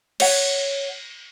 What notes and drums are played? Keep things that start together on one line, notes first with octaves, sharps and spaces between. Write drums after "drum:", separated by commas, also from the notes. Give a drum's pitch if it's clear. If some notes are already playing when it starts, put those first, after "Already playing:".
C#5 F#5, drum: cymbal